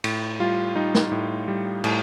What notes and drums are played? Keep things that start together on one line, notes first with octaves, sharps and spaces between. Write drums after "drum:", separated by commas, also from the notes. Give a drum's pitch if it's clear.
A2, drum: cymbal
G3 F4
G3 D#4
drum: snare
A2
G3
A2, drum: cymbal